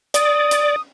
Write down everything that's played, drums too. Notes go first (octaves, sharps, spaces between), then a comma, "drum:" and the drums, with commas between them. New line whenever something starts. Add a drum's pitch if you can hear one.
D5 D#6, drum: hi-hat
drum: hi-hat